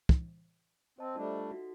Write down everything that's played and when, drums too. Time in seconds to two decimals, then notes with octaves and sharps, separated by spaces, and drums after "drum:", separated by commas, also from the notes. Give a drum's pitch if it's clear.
0.09 drum: kick
0.99 C4 C5 D#5 A5
1.16 G3 A3 D4 F4 E5
1.51 D#4 F#4 A4